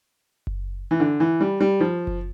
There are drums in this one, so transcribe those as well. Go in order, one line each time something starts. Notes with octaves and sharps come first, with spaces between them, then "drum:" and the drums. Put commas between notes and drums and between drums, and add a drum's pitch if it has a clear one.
drum: kick F#1
E3
D3
E3
G3
G3
F3
drum: kick F#1